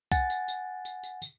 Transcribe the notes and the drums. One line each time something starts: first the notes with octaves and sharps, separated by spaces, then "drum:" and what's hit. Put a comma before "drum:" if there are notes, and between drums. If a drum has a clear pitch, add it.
F#5 G#5 A6, drum: kick C2, tambourine
drum: tambourine
drum: tambourine
drum: tambourine
drum: tambourine
drum: tambourine